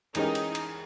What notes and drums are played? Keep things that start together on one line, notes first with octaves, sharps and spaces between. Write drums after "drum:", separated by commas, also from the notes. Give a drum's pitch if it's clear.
E3 G#3 C#4 D#4 G4 A#4, drum: cymbal
drum: cymbal
drum: cymbal